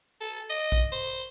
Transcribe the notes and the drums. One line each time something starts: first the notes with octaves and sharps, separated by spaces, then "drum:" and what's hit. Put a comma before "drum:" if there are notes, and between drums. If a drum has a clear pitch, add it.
A4
D#5, drum: tambourine
drum: kick, tambourine
C5, drum: tambourine